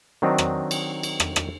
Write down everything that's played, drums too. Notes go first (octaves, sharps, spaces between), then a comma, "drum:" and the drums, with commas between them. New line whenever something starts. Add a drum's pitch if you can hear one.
D#3 F#3 C4 D4 D#4
drum: rim click
drum: cymbal
drum: cymbal
drum: rim click
drum: rim click